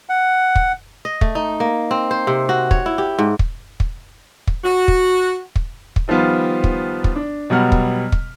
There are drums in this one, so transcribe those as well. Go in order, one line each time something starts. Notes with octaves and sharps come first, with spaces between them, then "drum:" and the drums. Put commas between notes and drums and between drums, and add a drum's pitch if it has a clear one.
F#5
drum: kick
D#5
A3, drum: kick
D#4
A#3
C4
C5
C3
F#4
C#5, drum: kick
E4
G4
G#2
drum: kick
drum: kick
drum: kick
F#4
drum: kick
drum: kick
drum: kick
D#3 F3 G3 B3 F4
drum: kick
drum: kick
D4
B2 F#3 G3 B3 F#5 F6
drum: kick
drum: kick